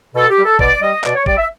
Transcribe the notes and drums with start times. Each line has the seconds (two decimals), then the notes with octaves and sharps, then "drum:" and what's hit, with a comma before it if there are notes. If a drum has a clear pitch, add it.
0.15 B2 A4
0.30 G4
0.38 G3
0.44 A4
0.59 B2 D5, drum: kick
0.81 G3 D#5
1.04 B2 D5, drum: clap
1.15 C#5
1.26 G3 D5, drum: kick
1.37 E5